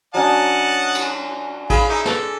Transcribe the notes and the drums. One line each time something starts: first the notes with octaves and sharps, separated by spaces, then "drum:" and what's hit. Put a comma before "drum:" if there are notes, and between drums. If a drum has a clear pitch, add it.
F#3 C#4 D4 D#5 F#5 A5
drum: cymbal
G#4 F5 B5, drum: kick, cymbal
D#4 E4 D6
A4, drum: snare